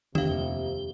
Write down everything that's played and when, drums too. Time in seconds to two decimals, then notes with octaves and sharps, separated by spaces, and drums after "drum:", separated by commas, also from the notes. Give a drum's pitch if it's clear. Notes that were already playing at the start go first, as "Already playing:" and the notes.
0.15 F1 D#2 C3 D4 G4 F5, drum: tom D#3